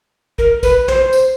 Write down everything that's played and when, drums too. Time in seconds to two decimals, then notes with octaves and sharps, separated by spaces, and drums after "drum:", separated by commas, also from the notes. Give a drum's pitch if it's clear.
0.38 A#4, drum: kick A#1
0.63 B4, drum: kick A#1, tambourine
0.88 C5, drum: snare
1.13 drum: tambourine